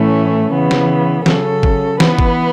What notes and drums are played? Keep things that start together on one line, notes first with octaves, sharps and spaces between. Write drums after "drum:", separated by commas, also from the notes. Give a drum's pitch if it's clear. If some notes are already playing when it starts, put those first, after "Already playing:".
Already playing: A2 E3 A3 C#4
C#3 E3 B3
drum: snare
C#3 F#3 C#4 A4, drum: snare
drum: kick
E3 B3 B4, drum: snare
drum: kick